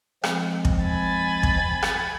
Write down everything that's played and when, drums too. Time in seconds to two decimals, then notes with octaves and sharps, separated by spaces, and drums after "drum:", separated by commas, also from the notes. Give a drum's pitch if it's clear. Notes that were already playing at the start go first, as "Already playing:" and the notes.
0.24 F3 G#3 C4, drum: rim click
0.65 drum: kick
0.84 G#5 B5 A6
1.43 drum: kick
1.83 drum: rim click